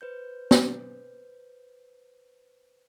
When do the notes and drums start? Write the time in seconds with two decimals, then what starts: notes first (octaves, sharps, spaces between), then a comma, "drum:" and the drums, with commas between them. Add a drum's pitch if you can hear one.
0.01 B4 C5 G6
0.51 drum: snare